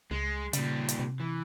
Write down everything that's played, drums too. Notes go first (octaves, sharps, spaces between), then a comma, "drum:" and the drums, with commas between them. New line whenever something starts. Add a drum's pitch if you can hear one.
C#2 G#3
A#2 C#3 G3, drum: hi-hat
drum: hi-hat
C3
E3